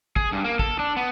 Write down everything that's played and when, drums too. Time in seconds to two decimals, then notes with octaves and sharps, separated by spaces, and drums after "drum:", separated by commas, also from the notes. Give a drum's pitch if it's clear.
0.16 G#4, drum: kick
0.32 G2
0.44 A#3
0.59 A4, drum: kick
0.79 D4
0.97 B3